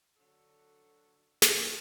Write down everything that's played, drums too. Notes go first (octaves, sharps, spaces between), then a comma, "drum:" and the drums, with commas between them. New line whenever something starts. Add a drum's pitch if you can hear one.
D2 D3 F#3 F#4 A4
drum: snare